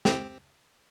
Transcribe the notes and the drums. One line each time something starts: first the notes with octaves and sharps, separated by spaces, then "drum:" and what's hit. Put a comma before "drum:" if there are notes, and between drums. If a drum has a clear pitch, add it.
C4 G4, drum: snare